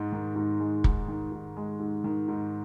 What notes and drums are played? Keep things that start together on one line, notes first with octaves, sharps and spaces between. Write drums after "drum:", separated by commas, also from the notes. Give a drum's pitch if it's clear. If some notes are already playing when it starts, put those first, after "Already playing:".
Already playing: G#2 G#3
D#3
G#2
G#3
G#2, drum: kick
D#3
G#2
G#3
G#2
D#3
G#2